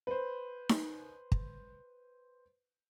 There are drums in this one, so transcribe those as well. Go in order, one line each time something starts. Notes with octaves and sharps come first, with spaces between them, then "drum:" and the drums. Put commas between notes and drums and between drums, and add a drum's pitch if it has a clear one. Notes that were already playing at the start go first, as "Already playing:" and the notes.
B4 C5
drum: snare D#4
drum: kick